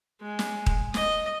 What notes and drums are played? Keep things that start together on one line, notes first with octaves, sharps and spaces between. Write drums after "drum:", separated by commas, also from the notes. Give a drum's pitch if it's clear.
G#3
drum: snare
drum: kick D#1
D#5, drum: snare